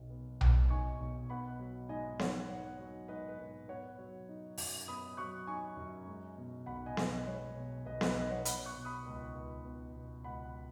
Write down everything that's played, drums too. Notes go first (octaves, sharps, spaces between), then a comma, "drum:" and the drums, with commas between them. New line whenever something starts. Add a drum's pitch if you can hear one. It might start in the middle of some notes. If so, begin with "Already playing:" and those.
Already playing: B1 B2
B3
B2, drum: tom B1
D#4 G#5 C#6
B1
B3 F#5 B5
F#3
G#2 D#5 G#5
G#2 C#5 F#5, drum: snare B3
B3 C#5 F#5
F#3
G#2 B4 D#5
B4
G#2
B3 C#5 F#5
F#3
D#4
F#2, drum: open hi-hat
B3 B5 D#6
F#3 C#6 F#6
D#4 G#5 C#6
F#2
G#3
B2
B1 F#5 B5
D#5 G#5
B1, drum: snare B3
B4 D#5
G#3 C#5
B2
B1 B4 D#5
B4 D#5, drum: snare B3
B1 B4 D#5
C#5 F#5
B3 F#5 B5, drum: hi-hat
C#6 F#6
B2
B5 D#6
C#2
C#2
B3
B2
C#2 F#5 B5